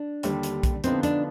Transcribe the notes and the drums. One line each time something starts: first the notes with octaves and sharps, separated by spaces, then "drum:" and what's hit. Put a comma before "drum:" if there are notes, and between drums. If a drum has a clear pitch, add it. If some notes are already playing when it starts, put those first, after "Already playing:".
Already playing: D4
D#2 D3 G3, drum: hi-hat
drum: hi-hat
drum: kick, hi-hat
D3 F3 B3 C4 D#4, drum: hi-hat
D4, drum: hi-hat